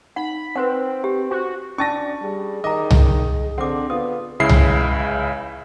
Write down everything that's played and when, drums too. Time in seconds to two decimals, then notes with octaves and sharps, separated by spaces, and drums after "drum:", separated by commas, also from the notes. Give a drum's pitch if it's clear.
0.16 D#4 F#5 B5
0.55 C4 B4 C5 F#5
1.04 G4
1.31 F#4
1.78 C#4 D4 D5 A5 C#6 A6 A#6
2.22 G3 G#4
2.64 D#3 D#5 A#5 D6
2.91 drum: tom C2
3.58 D3 C4 F#5 D6
3.90 B3 F4 D#6
4.40 C#2 C#3 E4 C7
4.49 drum: tom C2